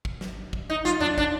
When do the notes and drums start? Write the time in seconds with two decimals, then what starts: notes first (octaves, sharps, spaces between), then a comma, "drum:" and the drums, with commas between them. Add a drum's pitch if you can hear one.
0.05 drum: kick
0.21 drum: snare
0.53 drum: kick
0.70 D#4
0.85 F4, drum: snare
1.00 D4, drum: tom E2
1.18 D4, drum: kick